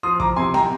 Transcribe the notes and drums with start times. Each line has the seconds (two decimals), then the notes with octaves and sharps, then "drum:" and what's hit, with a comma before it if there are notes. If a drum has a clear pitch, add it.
0.03 F3 C6 D#6
0.20 A#5 D6, drum: kick
0.36 C3 G#5 C6
0.54 G5 A#5, drum: snare B3